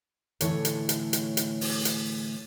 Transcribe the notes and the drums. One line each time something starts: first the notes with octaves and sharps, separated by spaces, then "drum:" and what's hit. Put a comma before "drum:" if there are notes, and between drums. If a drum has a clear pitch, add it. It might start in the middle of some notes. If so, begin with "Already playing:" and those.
A2 D3 E3 A3 C#5, drum: hi-hat
drum: hi-hat
drum: hi-hat
drum: hi-hat
drum: hi-hat
drum: open hi-hat
drum: hi-hat